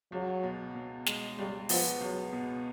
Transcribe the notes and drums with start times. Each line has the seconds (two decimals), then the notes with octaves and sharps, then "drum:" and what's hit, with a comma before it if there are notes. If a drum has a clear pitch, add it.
0.12 C#2 F#3
0.43 B2
0.75 B2
1.06 G#3, drum: snare
1.39 C#2 G3
1.69 F3 B3, drum: open hi-hat
2.01 C#2 F#3
2.32 B2